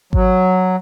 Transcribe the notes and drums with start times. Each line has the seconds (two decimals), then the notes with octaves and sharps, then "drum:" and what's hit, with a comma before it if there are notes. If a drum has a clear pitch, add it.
0.13 F#3, drum: kick G#1